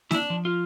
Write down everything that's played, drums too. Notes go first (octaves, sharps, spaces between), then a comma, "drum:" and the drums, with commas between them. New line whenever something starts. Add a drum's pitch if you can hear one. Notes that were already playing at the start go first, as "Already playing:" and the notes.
E4, drum: snare A#3
D4
F3
F4